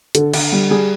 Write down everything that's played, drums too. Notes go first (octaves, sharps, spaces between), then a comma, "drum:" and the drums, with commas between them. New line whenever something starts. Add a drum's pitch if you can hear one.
D3 A4, drum: hi-hat
D3, drum: cymbal
G3
G3 G#4